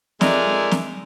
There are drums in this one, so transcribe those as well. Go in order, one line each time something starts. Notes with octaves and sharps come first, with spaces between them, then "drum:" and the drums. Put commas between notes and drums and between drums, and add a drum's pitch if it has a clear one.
F2 G#3 D#4 A#4 D5 E5, drum: snare
drum: snare